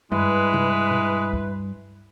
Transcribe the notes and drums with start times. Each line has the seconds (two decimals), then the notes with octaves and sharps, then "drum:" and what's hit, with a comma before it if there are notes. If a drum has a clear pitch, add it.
0.12 G2 G#3 E4 B4, drum: tom F#2
0.54 drum: tom C3
0.91 drum: tom B2
1.33 drum: kick